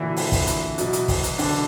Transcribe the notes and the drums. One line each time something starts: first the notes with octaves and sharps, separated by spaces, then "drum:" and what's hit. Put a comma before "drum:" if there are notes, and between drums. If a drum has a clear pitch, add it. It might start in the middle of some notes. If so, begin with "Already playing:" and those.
Already playing: A#2 D3 E3 F#3 D4 E4
drum: open hi-hat
drum: kick, open hi-hat
drum: hi-hat
B2 F#3, drum: hi-hat
drum: hi-hat
drum: kick, open hi-hat
drum: hi-hat
D3 D4, drum: open hi-hat